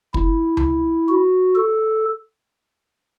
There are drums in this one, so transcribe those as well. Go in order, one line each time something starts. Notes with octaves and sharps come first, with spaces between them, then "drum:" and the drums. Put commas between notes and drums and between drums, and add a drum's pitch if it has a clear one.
E4, drum: kick
drum: tom C#2
F#4
A4